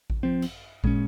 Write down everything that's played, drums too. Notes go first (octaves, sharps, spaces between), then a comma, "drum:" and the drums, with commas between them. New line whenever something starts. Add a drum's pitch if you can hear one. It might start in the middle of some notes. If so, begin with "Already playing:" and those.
drum: kick A1
F3 C4
drum: cymbal
A#2 G#3 C#4, drum: kick A1